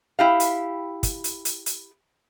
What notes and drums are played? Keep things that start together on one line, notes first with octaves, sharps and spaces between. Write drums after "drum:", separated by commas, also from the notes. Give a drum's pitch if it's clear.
E4 G4 F5
drum: hi-hat
drum: kick, hi-hat
drum: hi-hat
drum: hi-hat
drum: hi-hat